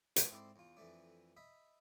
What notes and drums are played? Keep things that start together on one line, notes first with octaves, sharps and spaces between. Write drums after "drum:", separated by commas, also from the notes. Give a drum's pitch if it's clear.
G#2 E3 B4, drum: hi-hat
G#2 C4 E4 A4 D5 C6
E2 F4
F2 E3 A3 D4
D#5 E5 B5